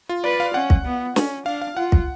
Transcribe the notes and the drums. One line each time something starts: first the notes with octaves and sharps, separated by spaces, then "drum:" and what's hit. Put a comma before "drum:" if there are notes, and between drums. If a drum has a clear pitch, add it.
F4
B4 D5
F5
C#4 F#5
drum: kick
B3
C#4, drum: snare
D4 F5
F5
F4 F#5
drum: kick